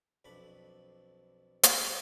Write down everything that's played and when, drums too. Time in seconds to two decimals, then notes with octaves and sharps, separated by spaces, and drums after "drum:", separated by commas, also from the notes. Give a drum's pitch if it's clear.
0.25 B1 F2 D4 B5
1.63 drum: hi-hat